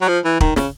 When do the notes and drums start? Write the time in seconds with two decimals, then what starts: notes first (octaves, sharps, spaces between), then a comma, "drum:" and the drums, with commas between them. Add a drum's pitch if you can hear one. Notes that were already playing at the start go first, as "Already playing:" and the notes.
0.01 F#3
0.08 F3
0.24 E3
0.40 D#3, drum: kick
0.56 C#3, drum: snare